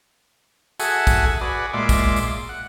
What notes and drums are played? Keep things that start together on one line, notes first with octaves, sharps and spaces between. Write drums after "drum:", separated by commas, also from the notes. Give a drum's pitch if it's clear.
F#4 G#4 A4 E5 F#5 G#5, drum: tambourine
drum: kick, tambourine
F#4 G#4 B4 D5
A#2 G#3 D5 E5 C6 D6
drum: kick, tambourine
drum: tambourine
F#5